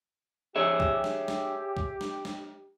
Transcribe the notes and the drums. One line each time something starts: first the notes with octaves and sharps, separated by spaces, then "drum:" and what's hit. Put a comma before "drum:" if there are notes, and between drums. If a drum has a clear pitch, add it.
G4 G#4 C#5 E5
drum: kick
drum: snare
drum: snare
drum: kick
drum: snare
drum: snare